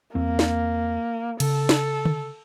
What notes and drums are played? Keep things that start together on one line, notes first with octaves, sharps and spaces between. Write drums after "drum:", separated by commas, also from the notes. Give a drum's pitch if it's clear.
E2 A#3 C4
drum: snare
C#3 A4, drum: cymbal
drum: snare
drum: tom D3